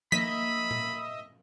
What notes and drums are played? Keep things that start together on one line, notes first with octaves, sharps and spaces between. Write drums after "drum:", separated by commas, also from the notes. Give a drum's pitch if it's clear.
A#3 D#5 E5 B5 B6, drum: tom F3
drum: tom A#2